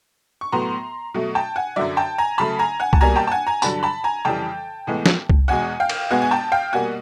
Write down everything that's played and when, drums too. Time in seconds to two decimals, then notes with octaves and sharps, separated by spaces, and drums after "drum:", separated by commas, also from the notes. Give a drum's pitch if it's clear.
0.41 C#6
0.52 A2 F#3 B3 A#5 C6
1.14 B2 F#3 A3
1.35 G5 A5
1.56 F#5 G#5
1.76 F#2 D3 F#3 D5 E5
1.97 G5 A5
2.18 G#5 A#5
2.38 C#3 F#3 A3 A5 B5
2.59 G#5 A#5
2.80 F#5 G#5
2.93 A5, drum: kick C2
3.01 B2 G3 A#3 G#5 A#5
3.16 G5 A5
3.27 A5
3.32 F#5 G#5
3.47 G#5 A#5
3.62 G2 D3 F#3 A5 B5, drum: tambourine
3.83 A5 B5
4.04 G#5 A#5
4.25 F2 C#3 E3 G3 G5 A5
4.87 A2 E3 G#3 B3
5.06 drum: snare
5.30 drum: kick C2
5.48 E2 B2 G#3 F#5 G#5
5.80 F5 G5
5.89 drum: cymbal
6.11 B2 G#3 B3 F#5 G#5
6.22 G#5
6.31 G5 A5
6.52 F5 G5
6.73 B2 G3 A#3 F#5 G#5